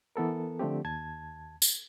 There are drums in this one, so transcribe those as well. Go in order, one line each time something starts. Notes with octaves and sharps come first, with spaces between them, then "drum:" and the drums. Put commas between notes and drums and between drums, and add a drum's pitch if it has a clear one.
E3 B3 A4 A#4
D3 F3 A3 C4 G4
D#2 A5 G#6
drum: tambourine